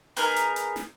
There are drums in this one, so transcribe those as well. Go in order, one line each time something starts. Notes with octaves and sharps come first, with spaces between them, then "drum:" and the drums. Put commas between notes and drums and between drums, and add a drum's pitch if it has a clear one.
B3 D#4 G#4 A#4, drum: open hi-hat
drum: hi-hat
drum: hi-hat
drum: snare